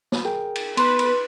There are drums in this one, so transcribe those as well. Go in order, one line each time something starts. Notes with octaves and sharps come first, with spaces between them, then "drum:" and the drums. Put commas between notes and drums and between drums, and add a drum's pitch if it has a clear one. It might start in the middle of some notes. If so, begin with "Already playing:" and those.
drum: snare
G#4 A#4 G5
drum: cymbal
B3 B4 C6, drum: cymbal
drum: cymbal